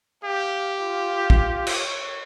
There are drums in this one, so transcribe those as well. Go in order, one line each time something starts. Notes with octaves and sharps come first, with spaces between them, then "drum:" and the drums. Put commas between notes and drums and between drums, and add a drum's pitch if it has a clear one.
G4 F5
F4
drum: kick
drum: cymbal
C#5